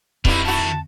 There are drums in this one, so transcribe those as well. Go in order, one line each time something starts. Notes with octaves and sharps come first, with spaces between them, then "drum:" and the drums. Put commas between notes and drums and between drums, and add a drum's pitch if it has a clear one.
F2 B2 D3 D#3 G3 C4 E4, drum: kick
E4 F#4 A5